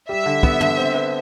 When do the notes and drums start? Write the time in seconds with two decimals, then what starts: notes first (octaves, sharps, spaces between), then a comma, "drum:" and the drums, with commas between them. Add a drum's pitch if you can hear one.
0.09 G3 E5
0.26 D3
0.43 B3, drum: kick
0.60 D3, drum: tom
0.77 C4
0.95 B4